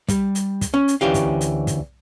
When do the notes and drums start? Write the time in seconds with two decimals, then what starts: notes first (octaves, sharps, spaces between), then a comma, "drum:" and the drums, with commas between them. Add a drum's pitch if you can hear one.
0.09 G3, drum: kick, hi-hat
0.35 drum: hi-hat
0.61 drum: kick, hi-hat
0.74 C#4
0.88 drum: hi-hat
1.01 D2 E3 C#4 G4 F5
1.14 drum: kick, hi-hat
1.41 drum: hi-hat
1.67 drum: kick, hi-hat